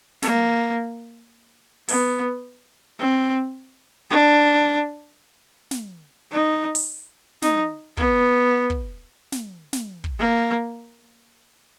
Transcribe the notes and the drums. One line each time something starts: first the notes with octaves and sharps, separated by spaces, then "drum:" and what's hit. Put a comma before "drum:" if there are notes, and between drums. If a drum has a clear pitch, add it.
A#3, drum: snare
B3, drum: open hi-hat
C4
D4
drum: snare
D#4
drum: open hi-hat
D#4, drum: snare
B3, drum: kick
drum: kick
drum: snare
drum: snare
drum: kick
A#3